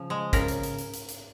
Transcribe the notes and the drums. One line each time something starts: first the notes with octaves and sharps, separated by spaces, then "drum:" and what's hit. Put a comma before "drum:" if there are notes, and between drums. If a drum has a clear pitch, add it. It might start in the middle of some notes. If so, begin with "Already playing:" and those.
Already playing: C#3 F3
G#3
C#3 A#4, drum: kick, hi-hat
drum: hi-hat
drum: hi-hat
drum: hi-hat
drum: hi-hat
drum: hi-hat